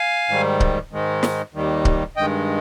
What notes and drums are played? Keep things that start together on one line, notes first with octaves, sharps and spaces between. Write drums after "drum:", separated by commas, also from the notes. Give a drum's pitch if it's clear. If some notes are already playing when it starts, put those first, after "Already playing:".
Already playing: F5 G#5
G#2 D#3 G3
drum: kick C#1
G#2 D#3 G#3
drum: snare
D#2 D#3 G3
drum: kick C#1
G2 D#3 G#3 D#5 G5